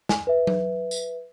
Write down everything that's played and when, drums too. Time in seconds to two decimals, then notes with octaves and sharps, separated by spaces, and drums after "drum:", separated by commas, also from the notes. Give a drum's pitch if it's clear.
0.09 G#5, drum: snare
0.27 B4 E5
0.47 drum: tom F#3
0.91 drum: tambourine